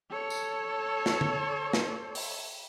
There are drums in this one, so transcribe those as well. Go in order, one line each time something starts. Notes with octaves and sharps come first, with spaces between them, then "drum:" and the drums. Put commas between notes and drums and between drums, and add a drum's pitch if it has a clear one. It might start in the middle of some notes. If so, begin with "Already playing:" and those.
A4 C#5
drum: tambourine
drum: snare
drum: tom D3
drum: snare
drum: open hi-hat